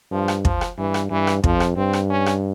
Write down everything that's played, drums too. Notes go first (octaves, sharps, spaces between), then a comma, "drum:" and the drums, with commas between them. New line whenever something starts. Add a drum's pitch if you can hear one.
G2 F3
drum: rim click
F3, drum: kick
drum: rim click
G2 E3
drum: rim click
G2 E3
drum: rim click
F2 F3, drum: kick
drum: rim click
G2 C4
drum: rim click
C#4
drum: rim click